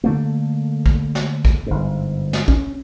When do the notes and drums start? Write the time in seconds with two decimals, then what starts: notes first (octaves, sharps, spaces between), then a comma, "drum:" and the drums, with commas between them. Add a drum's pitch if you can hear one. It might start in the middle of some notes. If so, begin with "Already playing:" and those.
0.04 D3 A3 A#3
0.86 drum: kick
1.15 drum: snare
1.45 drum: kick
1.66 G1 G#2
2.33 drum: snare
2.48 C#4, drum: kick